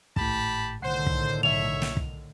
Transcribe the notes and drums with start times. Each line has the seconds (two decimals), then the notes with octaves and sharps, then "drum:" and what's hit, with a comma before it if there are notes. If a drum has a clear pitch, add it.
0.16 G#1 A2 G4 A5 B5, drum: kick
0.82 C2 A2 D3 D#3 C5 F#5 C7
1.06 drum: kick
1.43 B1 C#5 E5 F7
1.82 drum: snare
1.97 drum: kick